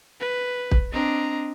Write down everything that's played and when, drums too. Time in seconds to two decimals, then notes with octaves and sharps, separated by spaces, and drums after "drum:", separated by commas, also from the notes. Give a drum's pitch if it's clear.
0.20 B4
0.71 drum: kick
0.92 C4 D4 D#5 A#5